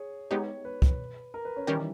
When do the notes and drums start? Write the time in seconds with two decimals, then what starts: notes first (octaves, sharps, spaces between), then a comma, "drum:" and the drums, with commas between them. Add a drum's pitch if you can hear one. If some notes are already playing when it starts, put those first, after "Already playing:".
Already playing: G#4 C#5
0.31 G#3 B3 D#4 G4 C#5
0.65 B4
0.82 drum: kick
1.34 A#4
1.45 B4
1.56 C#4
1.67 D#3 G3 C#4 G4 A#4
1.74 E3